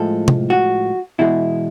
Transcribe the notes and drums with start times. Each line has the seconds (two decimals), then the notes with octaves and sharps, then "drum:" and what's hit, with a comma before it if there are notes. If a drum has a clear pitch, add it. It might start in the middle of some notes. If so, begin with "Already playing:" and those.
Already playing: A2 F3 G#3 A4
0.28 drum: tom C3
0.50 F#4
1.19 E2 B2 G#3 E4